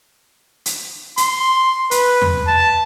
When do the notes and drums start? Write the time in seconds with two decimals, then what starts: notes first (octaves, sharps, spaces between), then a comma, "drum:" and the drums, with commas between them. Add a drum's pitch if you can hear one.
0.66 drum: hi-hat
1.17 C6, drum: hi-hat
1.91 B4, drum: hi-hat
2.22 drum: tom E2
2.47 A5